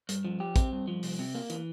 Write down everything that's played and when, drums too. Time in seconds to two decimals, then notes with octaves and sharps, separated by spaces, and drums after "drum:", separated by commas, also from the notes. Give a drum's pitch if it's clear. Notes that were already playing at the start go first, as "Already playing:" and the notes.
0.09 G2, drum: hi-hat
0.25 F3
0.40 G4
0.56 C4, drum: kick, hi-hat
0.72 G2
0.88 F3
1.03 C2, drum: open hi-hat
1.19 C3
1.35 A#3
1.50 E3, drum: hi-hat